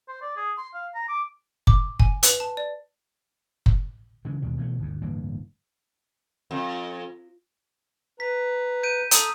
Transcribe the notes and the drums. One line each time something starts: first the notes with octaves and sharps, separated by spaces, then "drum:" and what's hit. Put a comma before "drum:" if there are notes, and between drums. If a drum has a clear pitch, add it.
C5
D5
G#4
C6
F5
A#5
D6
D6, drum: kick F#1
G#5, drum: kick F#1
B4, drum: hi-hat
A5
D5
drum: kick F#1
C#3 E3 G#3
D#2 B2 G3
B2 E3 F3 A3
G1 D2
D1 G2 E3 A#3
F2
B4 A#5 B6
G6 D7 D#7
A4 A5 A#5 D#6 E6, drum: hi-hat